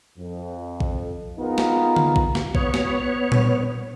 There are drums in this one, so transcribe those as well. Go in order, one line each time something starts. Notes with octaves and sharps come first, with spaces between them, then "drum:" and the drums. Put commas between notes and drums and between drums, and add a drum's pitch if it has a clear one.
F2
drum: kick A#1
B3 D#4 F4 G#4 A#4 B4
drum: snare
drum: tom D3
drum: kick A#1
drum: snare
B3 C#5, drum: kick A#1
drum: snare
drum: tom A#2